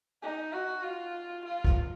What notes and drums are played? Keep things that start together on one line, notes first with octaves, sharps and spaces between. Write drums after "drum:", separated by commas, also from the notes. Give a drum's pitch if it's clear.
D#4
F#4
F4
F4
drum: kick